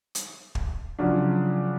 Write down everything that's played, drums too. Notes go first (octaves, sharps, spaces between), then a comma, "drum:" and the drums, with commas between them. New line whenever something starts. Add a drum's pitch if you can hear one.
drum: hi-hat
drum: kick
C#3 F3 F#3 D4